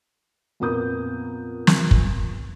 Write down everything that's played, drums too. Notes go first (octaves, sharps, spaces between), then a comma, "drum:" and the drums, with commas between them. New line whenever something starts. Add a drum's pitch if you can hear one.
F2 A#2 B3 A#4 D#6 G6
drum: snare
drum: kick